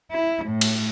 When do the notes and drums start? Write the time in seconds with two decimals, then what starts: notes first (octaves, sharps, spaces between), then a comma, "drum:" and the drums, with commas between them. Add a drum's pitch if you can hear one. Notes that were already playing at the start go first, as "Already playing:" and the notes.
0.11 E4
0.45 A2
0.61 drum: cymbal